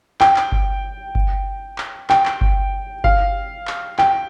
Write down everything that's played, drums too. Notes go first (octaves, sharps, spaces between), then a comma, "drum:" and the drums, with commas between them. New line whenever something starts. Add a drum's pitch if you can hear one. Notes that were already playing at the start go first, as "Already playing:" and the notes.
G5, drum: clap
drum: clap
drum: kick G1
drum: kick G1
drum: clap
G5, drum: clap
drum: clap
drum: kick G1
F5, drum: kick G1
drum: clap
G5, drum: clap